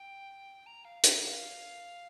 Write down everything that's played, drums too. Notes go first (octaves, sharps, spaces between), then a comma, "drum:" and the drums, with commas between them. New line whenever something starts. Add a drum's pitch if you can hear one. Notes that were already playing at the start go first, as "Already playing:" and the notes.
Already playing: G5
A#5
F5
E5, drum: hi-hat
F5